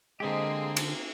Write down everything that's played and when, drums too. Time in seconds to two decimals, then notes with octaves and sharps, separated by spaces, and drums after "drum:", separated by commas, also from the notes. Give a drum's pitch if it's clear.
0.20 D3 G#3 A#3 C4 G4 G#4 D#5
0.77 drum: cymbal